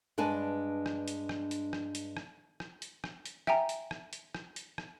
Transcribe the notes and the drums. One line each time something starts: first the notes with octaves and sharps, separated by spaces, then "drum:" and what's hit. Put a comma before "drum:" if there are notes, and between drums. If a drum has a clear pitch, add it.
G2 G#3 D4 B4 G#5 A5
drum: rim click
drum: hi-hat
drum: rim click
drum: hi-hat
drum: rim click
drum: hi-hat
drum: rim click
drum: rim click
drum: hi-hat
drum: rim click
drum: hi-hat
E5 G5 G#5 A#5, drum: rim click
drum: hi-hat
drum: rim click
drum: hi-hat
drum: rim click
drum: hi-hat
drum: rim click